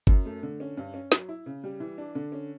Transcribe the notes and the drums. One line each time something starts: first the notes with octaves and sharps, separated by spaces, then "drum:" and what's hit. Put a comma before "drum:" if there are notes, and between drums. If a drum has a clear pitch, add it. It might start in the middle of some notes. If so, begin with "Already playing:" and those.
F#2, drum: kick G1
A3
D3
C#4
G2
C#4
F#3, drum: snare
E4
C#3
G3
E3
D4
D3
C#4